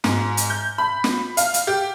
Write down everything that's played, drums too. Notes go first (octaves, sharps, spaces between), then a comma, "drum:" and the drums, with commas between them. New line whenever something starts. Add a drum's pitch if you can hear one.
G#2, drum: snare
drum: hi-hat
G6
B5
drum: snare
F5, drum: hi-hat
drum: hi-hat
G4